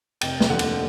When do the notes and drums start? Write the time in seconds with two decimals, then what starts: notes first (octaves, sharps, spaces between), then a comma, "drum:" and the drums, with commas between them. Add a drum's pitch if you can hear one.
0.21 F1 G5, drum: cymbal
0.41 drum: snare
0.50 D#2 D3 F3 F#5
0.59 drum: cymbal